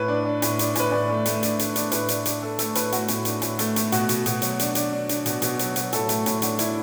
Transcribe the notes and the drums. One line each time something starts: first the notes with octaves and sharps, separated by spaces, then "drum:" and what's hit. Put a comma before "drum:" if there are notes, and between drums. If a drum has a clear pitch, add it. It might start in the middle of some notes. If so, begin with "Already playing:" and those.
Already playing: A2 B4
D4
D4
A2, drum: hi-hat
D4, drum: hi-hat
A2 B4, drum: hi-hat
A2 D5
A3
A3, drum: hi-hat
D4, drum: hi-hat
D4, drum: hi-hat
D4, drum: hi-hat
A2 B4, drum: hi-hat
D4, drum: hi-hat
D4, drum: hi-hat
D4 A4
A3 A4, drum: hi-hat
A2 B4, drum: hi-hat
A3 F#4, drum: hi-hat
A2, drum: hi-hat
D4, drum: hi-hat
A2, drum: hi-hat
A3, drum: hi-hat
A3, drum: hi-hat
B2 F#4, drum: hi-hat
B2, drum: hi-hat
B2, drum: hi-hat
F#3, drum: hi-hat
D4, drum: hi-hat
D4, drum: hi-hat
D4
D4, drum: hi-hat
B2, drum: hi-hat
B2, drum: hi-hat
F#3, drum: hi-hat
F#3, drum: hi-hat
A2 A4, drum: hi-hat
A3, drum: hi-hat
A2, drum: hi-hat
D4 F#4, drum: hi-hat
D4 E4, drum: hi-hat